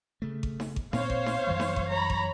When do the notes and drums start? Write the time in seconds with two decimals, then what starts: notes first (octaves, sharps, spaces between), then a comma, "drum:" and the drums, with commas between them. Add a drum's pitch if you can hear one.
0.22 C#3 A3
0.43 drum: kick G#1
0.60 drum: snare D#4
0.76 drum: kick G#1
0.93 A#2 C4 C5 C#5 F5, drum: snare D#4
1.10 drum: kick G#1
1.26 drum: snare D#4
1.47 F#2 E3 G3
1.60 drum: snare D#4
1.76 drum: kick G#1
1.90 C#5 A#5 B5
2.10 drum: kick G#1